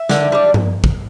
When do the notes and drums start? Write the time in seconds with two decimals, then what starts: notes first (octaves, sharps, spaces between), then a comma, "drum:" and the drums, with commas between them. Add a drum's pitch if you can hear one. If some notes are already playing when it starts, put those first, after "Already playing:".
Already playing: E5
0.09 D3, drum: snare
0.32 G3 D4
0.54 drum: tom G2
0.84 drum: kick